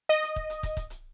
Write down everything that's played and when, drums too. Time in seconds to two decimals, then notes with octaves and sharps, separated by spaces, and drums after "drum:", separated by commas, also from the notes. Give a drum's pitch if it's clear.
0.09 D#5, drum: hi-hat
0.23 drum: hi-hat
0.36 drum: kick
0.50 drum: hi-hat
0.63 drum: kick, hi-hat
0.77 drum: kick, hi-hat
0.90 drum: hi-hat